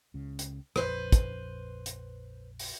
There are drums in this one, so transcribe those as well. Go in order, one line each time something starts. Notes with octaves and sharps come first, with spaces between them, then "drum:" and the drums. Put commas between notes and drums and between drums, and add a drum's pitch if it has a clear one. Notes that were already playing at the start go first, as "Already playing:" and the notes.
C#2 C#3
drum: hi-hat
A#1 F2 B4 C5, drum: rim click
drum: kick, hi-hat
drum: hi-hat
drum: open hi-hat